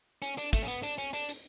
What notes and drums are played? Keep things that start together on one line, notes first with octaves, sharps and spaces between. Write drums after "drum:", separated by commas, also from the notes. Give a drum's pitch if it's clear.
C#4, drum: hi-hat
D4, drum: hi-hat
A3, drum: kick, hi-hat
C#4
B3, drum: hi-hat
D4, drum: hi-hat
C#4, drum: hi-hat
D4, drum: hi-hat
drum: hi-hat